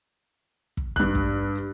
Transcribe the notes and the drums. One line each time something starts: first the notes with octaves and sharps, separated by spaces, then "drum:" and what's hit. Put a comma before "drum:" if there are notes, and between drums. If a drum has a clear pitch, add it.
drum: kick
G2 F#6, drum: kick
drum: kick